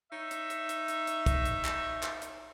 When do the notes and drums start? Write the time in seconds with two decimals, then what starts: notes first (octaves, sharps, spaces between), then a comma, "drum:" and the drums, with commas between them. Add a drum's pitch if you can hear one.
0.12 D#4 C#5 E5
0.31 drum: hi-hat
0.50 drum: hi-hat
0.69 drum: hi-hat
0.88 drum: hi-hat
1.07 drum: hi-hat
1.26 drum: kick, hi-hat
1.46 drum: hi-hat
1.65 drum: clap
2.03 drum: clap
2.22 drum: hi-hat